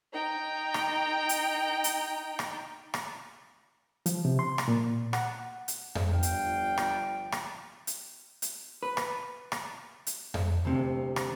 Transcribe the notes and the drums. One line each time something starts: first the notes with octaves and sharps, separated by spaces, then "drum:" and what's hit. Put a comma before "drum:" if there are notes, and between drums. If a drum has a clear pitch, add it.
D#4 G5
drum: rim click
drum: hi-hat
drum: hi-hat
drum: rim click
drum: rim click
F3, drum: hi-hat
C3
C6
drum: rim click
A#2
F#5, drum: rim click
drum: hi-hat
drum: tom F2
G1 F3 D4 F5 G5
drum: hi-hat
drum: rim click
drum: rim click
drum: hi-hat
drum: hi-hat
B4
drum: rim click
drum: rim click
drum: hi-hat
drum: tom F2
D2 C3
drum: rim click